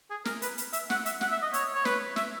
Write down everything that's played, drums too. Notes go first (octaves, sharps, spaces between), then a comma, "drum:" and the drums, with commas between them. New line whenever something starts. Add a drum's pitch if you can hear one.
G#4
A#4, drum: snare
B4, drum: hi-hat
drum: hi-hat
E5, drum: hi-hat
F#5, drum: snare
E5, drum: hi-hat
F#5, drum: snare
E5
D#5
C#5, drum: hi-hat
C#5
B4, drum: snare
E5, drum: snare